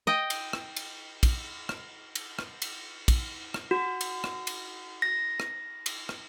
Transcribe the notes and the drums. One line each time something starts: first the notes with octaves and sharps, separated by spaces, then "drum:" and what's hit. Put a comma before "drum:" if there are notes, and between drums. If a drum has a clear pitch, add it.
D#5 G5
drum: cymbal
drum: rim click
drum: cymbal
drum: kick, cymbal
drum: rim click
drum: cymbal
drum: rim click
drum: cymbal
drum: kick, cymbal
drum: rim click
F#4
drum: cymbal
drum: rim click
drum: cymbal
A#6
drum: rim click
drum: cymbal
drum: rim click